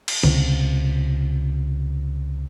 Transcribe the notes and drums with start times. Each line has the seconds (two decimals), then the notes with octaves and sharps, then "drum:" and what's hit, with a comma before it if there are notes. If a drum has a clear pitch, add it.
0.08 drum: cymbal
0.23 C#2 C3, drum: tom D3